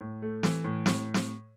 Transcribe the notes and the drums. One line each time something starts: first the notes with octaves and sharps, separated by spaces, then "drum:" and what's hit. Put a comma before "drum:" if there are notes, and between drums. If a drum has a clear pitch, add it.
A2
A3
E3, drum: snare
A2
A2, drum: snare
drum: snare